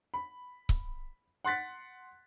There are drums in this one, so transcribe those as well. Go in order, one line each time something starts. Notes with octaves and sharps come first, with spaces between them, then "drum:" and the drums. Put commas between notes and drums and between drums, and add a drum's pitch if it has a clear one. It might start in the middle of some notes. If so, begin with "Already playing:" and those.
B5
drum: kick C#1
F#5 C6 F#6 A6 B6